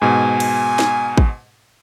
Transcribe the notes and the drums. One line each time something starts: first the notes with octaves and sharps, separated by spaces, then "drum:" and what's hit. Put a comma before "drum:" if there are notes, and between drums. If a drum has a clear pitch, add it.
G#2 B2 G#5
drum: cymbal
drum: snare
drum: kick